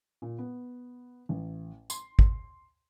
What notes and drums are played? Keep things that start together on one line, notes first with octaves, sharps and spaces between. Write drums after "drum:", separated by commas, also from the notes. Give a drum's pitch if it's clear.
A#2
B3
A1
C6, drum: tambourine
drum: kick